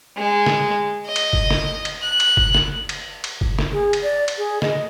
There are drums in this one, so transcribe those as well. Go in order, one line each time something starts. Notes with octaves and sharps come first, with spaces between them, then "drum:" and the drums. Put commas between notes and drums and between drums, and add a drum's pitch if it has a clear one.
G#3
drum: snare
D#5
drum: cymbal
drum: kick F#1
drum: snare
drum: cymbal
F#6
drum: cymbal
drum: kick F#1
drum: snare
drum: cymbal
drum: cymbal
drum: kick F#1
drum: snare
G#4
drum: cymbal
D5
drum: cymbal
G#4
D#5, drum: snare